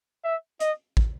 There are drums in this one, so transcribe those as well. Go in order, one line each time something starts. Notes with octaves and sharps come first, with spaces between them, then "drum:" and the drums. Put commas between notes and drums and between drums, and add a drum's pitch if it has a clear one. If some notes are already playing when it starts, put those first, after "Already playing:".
E5
D#5, drum: hi-hat
drum: kick